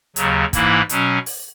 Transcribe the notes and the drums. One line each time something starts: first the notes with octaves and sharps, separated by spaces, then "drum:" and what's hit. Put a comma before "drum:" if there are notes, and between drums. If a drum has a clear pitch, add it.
D#2 C#3 F#3, drum: hi-hat
G#2 E3 A#3 E4, drum: kick, hi-hat
B2 F#3 C#4, drum: hi-hat
drum: open hi-hat